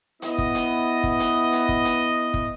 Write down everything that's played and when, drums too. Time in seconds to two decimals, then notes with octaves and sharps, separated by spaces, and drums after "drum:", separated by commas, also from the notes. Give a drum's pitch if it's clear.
0.22 B3 E4 D#5, drum: hi-hat
0.38 drum: kick
0.55 drum: hi-hat
1.03 drum: kick
1.20 drum: hi-hat
1.52 drum: hi-hat
1.69 drum: kick
1.85 drum: hi-hat
2.34 drum: kick